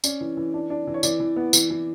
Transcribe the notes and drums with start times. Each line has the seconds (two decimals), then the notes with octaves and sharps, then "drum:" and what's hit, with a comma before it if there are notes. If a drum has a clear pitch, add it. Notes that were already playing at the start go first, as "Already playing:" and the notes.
0.04 C#4 D5, drum: tambourine
0.21 E3
0.37 E3
0.54 D4
0.70 D4
0.87 E3
0.94 C#5
1.03 E3 D5, drum: tambourine
1.20 E3
1.36 B3
1.53 E3, drum: tambourine
1.70 E3